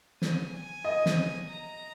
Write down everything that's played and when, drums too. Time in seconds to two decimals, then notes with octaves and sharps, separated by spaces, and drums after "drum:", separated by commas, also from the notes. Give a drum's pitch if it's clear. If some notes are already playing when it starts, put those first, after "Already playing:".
0.22 G#5, drum: snare
0.53 G#5
0.85 D#5
1.06 drum: snare
1.48 A#5